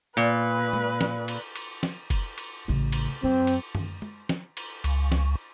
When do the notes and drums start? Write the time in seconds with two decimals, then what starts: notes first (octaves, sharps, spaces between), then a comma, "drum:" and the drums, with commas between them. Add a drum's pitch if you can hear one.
0.17 A#2 B4
0.73 drum: tom G#3
1.01 drum: snare
1.28 drum: cymbal
1.55 drum: cymbal
1.83 drum: snare
2.10 drum: kick, cymbal
2.38 drum: cymbal
2.68 A1 C#3
2.92 drum: cymbal
3.23 F#2 C4
3.47 drum: cymbal
3.75 drum: tom F#2
4.02 drum: tom G#3
4.29 drum: snare
4.57 drum: cymbal
4.84 C#2, drum: cymbal
5.12 drum: snare